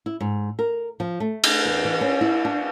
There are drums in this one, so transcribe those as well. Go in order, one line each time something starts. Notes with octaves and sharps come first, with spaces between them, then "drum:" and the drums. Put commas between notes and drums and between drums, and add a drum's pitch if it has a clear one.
E4
G#2
A#4
F3
A3
drum: cymbal
E2
E3
C#4
E4
D4